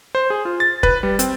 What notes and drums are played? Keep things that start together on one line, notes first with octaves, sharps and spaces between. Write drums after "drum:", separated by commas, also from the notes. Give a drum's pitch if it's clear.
C5
G#4
F4
A6
B4, drum: kick
G3
C4, drum: hi-hat